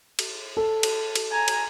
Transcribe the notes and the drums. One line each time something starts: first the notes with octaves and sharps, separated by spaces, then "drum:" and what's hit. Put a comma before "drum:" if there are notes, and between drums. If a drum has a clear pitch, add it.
drum: cymbal
A4
drum: cymbal
drum: cymbal
G#5 A#5
drum: cymbal